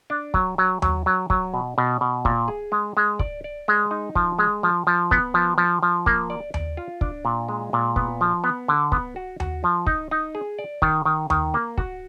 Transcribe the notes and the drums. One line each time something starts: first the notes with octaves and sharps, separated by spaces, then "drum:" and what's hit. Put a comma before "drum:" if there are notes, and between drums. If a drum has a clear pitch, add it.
D4
F#3, drum: kick
F#3
F#3, drum: tom D#2
F#3
F#3, drum: kick
B2
B2
B2
A#2, drum: kick
G#4
G#3
G#3
D5, drum: kick
D5
G#3
D#4
F3, drum: kick
G#3
F3
F3
B3, drum: kick
F3
F3
F3
A#3, drum: kick
D5
D5, drum: tom D#2
F4
D4, drum: kick
A#2
G#3
A#2
B3, drum: kick
F3
B3
D3
B3, drum: kick
F#4
F#4, drum: tom D#2
F3
D#4, drum: kick
D#4
G#4
D5
D#3, drum: kick
D#3
D#3, drum: tom D#2
A#3
F#4, drum: kick